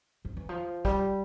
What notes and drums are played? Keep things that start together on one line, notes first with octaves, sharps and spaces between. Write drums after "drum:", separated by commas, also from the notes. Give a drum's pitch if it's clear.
F2
E3
F3
G3, drum: kick